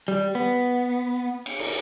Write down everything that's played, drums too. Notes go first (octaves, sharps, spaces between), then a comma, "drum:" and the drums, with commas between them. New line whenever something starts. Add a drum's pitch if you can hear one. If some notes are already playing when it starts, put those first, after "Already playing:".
G3
B3
drum: cymbal
drum: cymbal